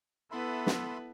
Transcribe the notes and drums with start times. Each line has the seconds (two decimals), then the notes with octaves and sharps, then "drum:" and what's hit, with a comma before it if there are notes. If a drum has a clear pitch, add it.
0.32 B3 E4 A4 B4 E5 B5 C6
0.67 drum: snare